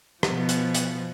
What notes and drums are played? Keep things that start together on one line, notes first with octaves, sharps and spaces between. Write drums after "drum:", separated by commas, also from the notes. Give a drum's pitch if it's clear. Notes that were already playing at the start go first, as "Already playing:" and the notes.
B2 F3, drum: rim click
drum: hi-hat
drum: hi-hat